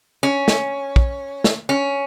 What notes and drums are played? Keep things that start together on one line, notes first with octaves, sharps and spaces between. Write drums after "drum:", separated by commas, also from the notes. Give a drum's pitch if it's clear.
C#4
drum: snare
drum: kick
drum: snare
C#4